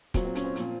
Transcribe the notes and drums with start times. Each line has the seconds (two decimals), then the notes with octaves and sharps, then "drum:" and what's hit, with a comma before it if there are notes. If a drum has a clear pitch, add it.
0.14 A#2 F#3 C4, drum: kick, hi-hat
0.24 C4
0.35 C#4, drum: hi-hat
0.44 C4
0.56 A#2 F3, drum: hi-hat